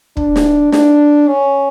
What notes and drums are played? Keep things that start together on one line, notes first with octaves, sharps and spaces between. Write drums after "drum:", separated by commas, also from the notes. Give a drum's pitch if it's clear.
D4, drum: kick
drum: snare
D4, drum: snare
C#4